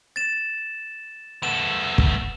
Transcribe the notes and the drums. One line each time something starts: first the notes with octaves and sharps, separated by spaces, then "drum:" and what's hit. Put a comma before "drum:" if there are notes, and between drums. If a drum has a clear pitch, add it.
A6 E7
A3 B3 E7
drum: kick